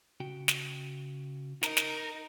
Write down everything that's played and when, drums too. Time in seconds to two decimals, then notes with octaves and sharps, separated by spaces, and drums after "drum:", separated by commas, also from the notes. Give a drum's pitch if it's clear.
0.20 C#3 F#4 G5
0.48 drum: snare
1.63 D#4 A#4, drum: snare
1.77 drum: snare